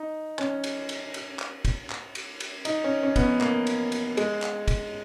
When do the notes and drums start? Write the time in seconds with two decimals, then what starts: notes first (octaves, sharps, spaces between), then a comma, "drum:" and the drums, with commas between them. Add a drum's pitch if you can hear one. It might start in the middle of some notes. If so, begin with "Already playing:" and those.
Already playing: D#4
0.39 C#4, drum: clap
0.64 drum: cymbal
0.89 drum: cymbal
1.14 drum: cymbal
1.39 drum: clap
1.65 drum: kick, cymbal
1.90 drum: clap
2.15 drum: cymbal
2.40 drum: cymbal
2.65 D#4, drum: cymbal
2.84 C#4
3.03 C#4
3.16 B3, drum: kick, cymbal
3.23 C#4
3.41 A#3, drum: clap
3.67 drum: cymbal
3.92 drum: cymbal
4.17 G#3, drum: cymbal
4.42 drum: clap
4.68 drum: kick, cymbal